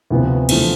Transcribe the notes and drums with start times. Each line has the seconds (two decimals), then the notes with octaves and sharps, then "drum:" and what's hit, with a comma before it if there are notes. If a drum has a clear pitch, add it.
0.10 D2 C3 F3 B3
0.49 E2 D3 F3 A3, drum: cymbal